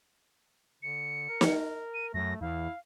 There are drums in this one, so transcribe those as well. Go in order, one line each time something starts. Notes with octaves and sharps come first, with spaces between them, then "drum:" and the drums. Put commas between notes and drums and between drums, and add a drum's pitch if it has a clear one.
D3 C#7
A#4
drum: snare
D#7
F#2 A3 A#6
E2 E4 F5